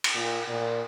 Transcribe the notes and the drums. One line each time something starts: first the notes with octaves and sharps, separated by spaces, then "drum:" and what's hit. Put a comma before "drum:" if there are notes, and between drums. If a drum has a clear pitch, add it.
drum: cymbal
A#2
A#2